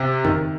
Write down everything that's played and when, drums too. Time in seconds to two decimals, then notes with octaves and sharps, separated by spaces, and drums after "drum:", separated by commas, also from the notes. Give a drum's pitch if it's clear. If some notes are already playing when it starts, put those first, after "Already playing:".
Already playing: C3
0.25 D#3, drum: tom F2